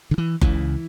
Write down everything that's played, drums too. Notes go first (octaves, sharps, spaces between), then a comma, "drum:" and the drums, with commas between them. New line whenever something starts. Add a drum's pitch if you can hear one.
D3
E3
C#2 C#3 E3, drum: kick F#1